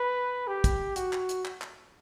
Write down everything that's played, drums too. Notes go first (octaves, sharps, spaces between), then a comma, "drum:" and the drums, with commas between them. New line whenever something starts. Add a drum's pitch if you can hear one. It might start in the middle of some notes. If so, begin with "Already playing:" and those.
Already playing: B4
G4
drum: kick, hi-hat
F#4, drum: hi-hat
drum: clap
drum: hi-hat
drum: clap
drum: clap